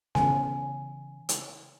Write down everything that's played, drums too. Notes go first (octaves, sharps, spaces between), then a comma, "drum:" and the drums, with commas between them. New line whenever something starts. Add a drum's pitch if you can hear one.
C#3 E3 B3 G#5, drum: snare C#4
drum: hi-hat